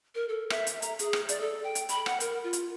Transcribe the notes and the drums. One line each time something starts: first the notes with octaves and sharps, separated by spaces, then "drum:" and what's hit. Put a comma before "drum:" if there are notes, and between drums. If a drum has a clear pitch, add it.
A#4
A4
E5, drum: rim click
drum: hi-hat
A#5, drum: hi-hat
G#4, drum: hi-hat
drum: rim click
D5, drum: hi-hat
A4
G5
drum: hi-hat
B5, drum: hi-hat
F#5, drum: rim click
A#4, drum: hi-hat
F4
drum: hi-hat